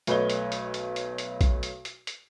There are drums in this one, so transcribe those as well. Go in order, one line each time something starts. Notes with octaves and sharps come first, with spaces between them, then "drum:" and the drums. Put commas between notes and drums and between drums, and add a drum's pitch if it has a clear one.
B1 A3 B4 C#5 D#5 G7, drum: hi-hat
drum: hi-hat
drum: hi-hat
drum: hi-hat
drum: hi-hat
drum: hi-hat
drum: kick A#1, hi-hat
drum: hi-hat
drum: hi-hat
drum: hi-hat